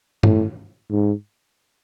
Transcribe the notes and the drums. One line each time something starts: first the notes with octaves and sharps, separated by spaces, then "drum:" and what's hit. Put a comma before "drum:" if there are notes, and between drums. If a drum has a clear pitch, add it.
A2, drum: tom G2
G#2